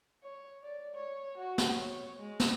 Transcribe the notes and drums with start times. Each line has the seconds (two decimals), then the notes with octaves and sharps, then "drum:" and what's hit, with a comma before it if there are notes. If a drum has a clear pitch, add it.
0.23 C#5
0.63 D5
0.94 C#5
1.37 F#4
1.58 drum: snare
1.75 C#5
2.19 G#3
2.40 drum: snare